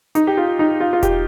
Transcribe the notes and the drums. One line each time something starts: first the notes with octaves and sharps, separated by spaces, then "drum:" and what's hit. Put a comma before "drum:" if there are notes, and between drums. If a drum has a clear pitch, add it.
D#4, drum: hi-hat
G4
F4
D#4
F4
F4
G4, drum: kick E1, hi-hat